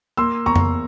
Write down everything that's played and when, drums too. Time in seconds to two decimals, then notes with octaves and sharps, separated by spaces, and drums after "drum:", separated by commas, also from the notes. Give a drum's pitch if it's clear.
0.17 A#3 C6 E6
0.46 E2 A#5 C#6
0.56 drum: tom F2